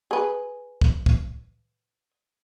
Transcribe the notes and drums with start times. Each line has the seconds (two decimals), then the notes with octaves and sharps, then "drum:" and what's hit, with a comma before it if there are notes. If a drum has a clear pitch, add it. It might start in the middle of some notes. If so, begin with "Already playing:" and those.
0.11 G#4 B4
0.81 drum: kick
1.06 drum: kick